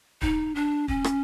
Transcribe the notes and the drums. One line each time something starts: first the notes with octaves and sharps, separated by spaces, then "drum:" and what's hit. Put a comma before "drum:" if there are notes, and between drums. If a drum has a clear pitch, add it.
D#4, drum: kick
D4
C#4, drum: kick
drum: rim click